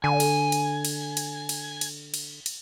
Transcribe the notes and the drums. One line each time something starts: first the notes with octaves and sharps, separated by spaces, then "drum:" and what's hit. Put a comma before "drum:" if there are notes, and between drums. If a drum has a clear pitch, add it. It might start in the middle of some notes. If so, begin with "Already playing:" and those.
D3 G#5
drum: cymbal
drum: cymbal
drum: cymbal
drum: cymbal
drum: cymbal
drum: cymbal
drum: cymbal
drum: cymbal